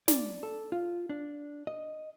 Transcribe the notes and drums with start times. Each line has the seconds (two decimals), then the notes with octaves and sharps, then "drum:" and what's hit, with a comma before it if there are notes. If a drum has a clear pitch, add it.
0.08 D5, drum: snare
0.43 A4
0.72 F4
1.09 D4
1.67 D#5